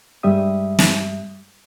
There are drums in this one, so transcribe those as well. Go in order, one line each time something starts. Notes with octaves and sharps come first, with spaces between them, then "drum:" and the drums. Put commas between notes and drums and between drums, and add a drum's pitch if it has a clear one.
G2 G3 G#3 E5 D#6
drum: snare